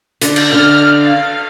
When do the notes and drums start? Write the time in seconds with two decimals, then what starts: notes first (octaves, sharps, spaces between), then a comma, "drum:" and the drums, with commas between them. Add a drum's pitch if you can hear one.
0.21 D3, drum: hi-hat
0.36 drum: cymbal
0.52 D3 F6
1.02 F5